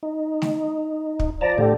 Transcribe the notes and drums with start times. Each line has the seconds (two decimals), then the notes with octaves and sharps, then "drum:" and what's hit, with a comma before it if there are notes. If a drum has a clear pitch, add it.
0.03 D#4
0.42 drum: snare A3
1.19 drum: kick
1.41 F3 D5 A5 A#5
1.58 A2 D3 G4